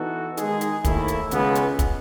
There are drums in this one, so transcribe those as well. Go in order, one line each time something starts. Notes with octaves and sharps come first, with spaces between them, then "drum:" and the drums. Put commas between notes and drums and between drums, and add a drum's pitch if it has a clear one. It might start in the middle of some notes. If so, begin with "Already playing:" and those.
Already playing: E3 B3 D#4 F#4 A4
D#3 G#3 D#4 G#4, drum: hi-hat
drum: hi-hat
D#2 D#3 A3 E4, drum: kick, hi-hat
drum: hi-hat
C#2 C#3 G#3 B3, drum: hi-hat
drum: hi-hat
drum: kick, hi-hat